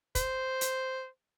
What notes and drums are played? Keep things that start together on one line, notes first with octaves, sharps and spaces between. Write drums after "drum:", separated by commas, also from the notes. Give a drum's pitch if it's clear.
C5, drum: kick, hi-hat
drum: hi-hat